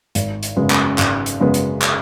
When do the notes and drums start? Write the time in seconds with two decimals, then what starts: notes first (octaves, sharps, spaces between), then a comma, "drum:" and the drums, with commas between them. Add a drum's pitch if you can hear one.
0.15 G#1, drum: hi-hat
0.43 drum: hi-hat
0.56 F#2 C#3 G#3 B3
0.70 drum: clap
0.98 G#1, drum: clap
1.26 drum: hi-hat
1.40 F#2 C#3 G#3 B3
1.54 drum: hi-hat
1.82 drum: clap